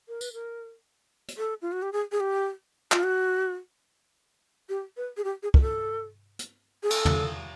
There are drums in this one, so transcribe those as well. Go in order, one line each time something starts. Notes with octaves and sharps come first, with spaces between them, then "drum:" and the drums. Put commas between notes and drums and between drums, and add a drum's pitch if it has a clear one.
A#4
B4, drum: tambourine
A#4
drum: hi-hat
A4
F4
F#4
G4
G#4
G#4
G4
F4, drum: clap
F#4
G4
B4
G#4
G4
G#4
A#4, drum: kick
A4
drum: hi-hat
G#4
A4, drum: cymbal
drum: tom